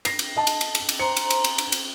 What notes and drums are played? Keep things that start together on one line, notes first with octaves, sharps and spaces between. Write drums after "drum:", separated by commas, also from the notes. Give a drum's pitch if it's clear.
A#6 C7, drum: cymbal
drum: cymbal
D#5 A5
drum: cymbal
drum: cymbal
drum: cymbal
drum: cymbal
C5 A#5 C6 C#7
drum: cymbal
drum: cymbal
drum: cymbal
drum: cymbal
drum: cymbal